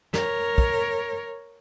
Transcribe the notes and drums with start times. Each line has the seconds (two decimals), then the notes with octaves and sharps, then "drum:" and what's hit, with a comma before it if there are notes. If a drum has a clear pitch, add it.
0.14 A#4 C#5, drum: snare
0.58 drum: kick